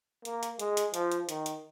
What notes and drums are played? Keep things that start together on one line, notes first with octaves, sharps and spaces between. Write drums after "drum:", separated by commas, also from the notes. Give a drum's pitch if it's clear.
A#3, drum: hi-hat
drum: hi-hat
G#3, drum: hi-hat
drum: hi-hat
F3, drum: hi-hat
drum: hi-hat
D#3, drum: hi-hat
drum: hi-hat